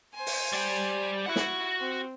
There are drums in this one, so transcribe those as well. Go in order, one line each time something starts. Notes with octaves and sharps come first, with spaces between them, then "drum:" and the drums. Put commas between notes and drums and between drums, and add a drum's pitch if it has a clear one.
C5 G#5
drum: open hi-hat
G3 G5
E4 F#4 F#5
drum: snare
C4